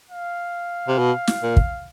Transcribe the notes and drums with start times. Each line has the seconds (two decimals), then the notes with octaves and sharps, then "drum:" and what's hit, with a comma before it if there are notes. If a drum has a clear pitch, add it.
0.11 F5
0.88 C3
0.98 B2
1.27 drum: snare
1.43 A#2
1.57 drum: kick